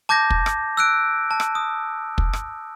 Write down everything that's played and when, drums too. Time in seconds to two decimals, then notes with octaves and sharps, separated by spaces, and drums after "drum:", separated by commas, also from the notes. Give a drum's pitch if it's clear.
0.09 A5 D6 G6 G#6 A#6
0.30 drum: kick
0.46 drum: rim click
0.77 E6 F#6 D7
1.31 A5
1.40 drum: rim click
1.55 D#6
2.18 drum: kick
2.33 drum: rim click